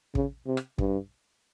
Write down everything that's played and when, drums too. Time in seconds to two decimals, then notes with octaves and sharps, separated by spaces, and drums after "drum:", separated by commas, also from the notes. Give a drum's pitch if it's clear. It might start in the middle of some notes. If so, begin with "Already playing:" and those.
0.15 C#3, drum: kick
0.47 C3
0.57 drum: rim click
0.78 G2, drum: kick